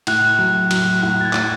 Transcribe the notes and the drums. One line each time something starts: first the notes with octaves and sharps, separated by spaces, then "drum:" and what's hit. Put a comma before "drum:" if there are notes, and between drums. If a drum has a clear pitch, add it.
A2 F#6, drum: cymbal
F#3
F#3, drum: cymbal
A2 F#6
A6
G#6
A2, drum: clap